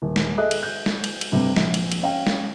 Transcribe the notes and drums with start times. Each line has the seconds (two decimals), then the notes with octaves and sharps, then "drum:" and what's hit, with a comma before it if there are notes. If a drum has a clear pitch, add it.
0.02 D#1
0.16 drum: snare G#3
0.38 G#4 A4 D#5 E5 D#6 F#6
0.51 drum: cymbal
0.63 G6
0.86 drum: snare G#3
1.04 drum: cymbal
1.21 drum: cymbal
1.32 G2 C3 G3 A3
1.56 A#1, drum: snare G#3
1.74 drum: cymbal
1.92 drum: cymbal
2.02 C#4 F5 G5
2.27 drum: snare G#3